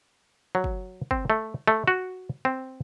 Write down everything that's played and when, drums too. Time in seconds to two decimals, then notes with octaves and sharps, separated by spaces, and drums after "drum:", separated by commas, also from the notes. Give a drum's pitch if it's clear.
0.55 F#3
0.64 drum: kick
1.11 C4, drum: kick
1.30 A3
1.68 A3
1.88 F#4
2.45 C4